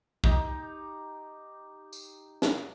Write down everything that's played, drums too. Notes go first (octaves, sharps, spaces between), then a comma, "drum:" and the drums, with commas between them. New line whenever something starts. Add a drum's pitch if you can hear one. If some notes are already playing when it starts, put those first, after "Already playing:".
D#4 G4, drum: kick
drum: tambourine
drum: snare